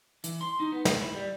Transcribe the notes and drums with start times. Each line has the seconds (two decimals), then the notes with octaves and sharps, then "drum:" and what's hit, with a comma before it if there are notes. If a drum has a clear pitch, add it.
0.24 E3, drum: hi-hat
0.41 C6
0.60 D#4
0.72 B3
0.85 D#2, drum: snare
1.01 E4
1.14 G3